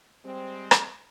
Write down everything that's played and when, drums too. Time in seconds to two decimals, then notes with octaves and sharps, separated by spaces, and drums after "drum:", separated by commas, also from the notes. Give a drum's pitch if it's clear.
0.25 G3 G#3 C4
0.71 drum: rim click